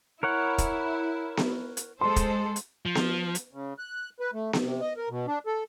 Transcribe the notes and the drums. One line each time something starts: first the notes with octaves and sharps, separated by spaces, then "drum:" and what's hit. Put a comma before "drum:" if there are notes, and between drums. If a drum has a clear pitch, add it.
E4 A#4 C#5 F#5
drum: kick, hi-hat
drum: snare B3
drum: hi-hat
G#3 A4 C5 C6
drum: kick, hi-hat
drum: hi-hat
F3
drum: snare B3
drum: hi-hat
C#3
F#6
B4
A3
drum: snare B3
C3
D#5
A#4
B2
D4
A4